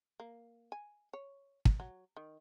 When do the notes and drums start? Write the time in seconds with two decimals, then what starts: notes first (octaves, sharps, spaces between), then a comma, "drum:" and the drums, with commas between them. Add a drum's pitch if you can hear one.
0.20 A#3
0.72 G#5
1.13 C#5
1.65 drum: kick
1.80 F#3
2.17 D#3